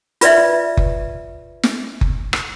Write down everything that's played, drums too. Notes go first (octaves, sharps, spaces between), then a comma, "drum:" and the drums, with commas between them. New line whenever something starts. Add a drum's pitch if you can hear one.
F4 B4 D5 E5, drum: hi-hat
drum: kick F#1
drum: snare
drum: kick F#1
drum: rim click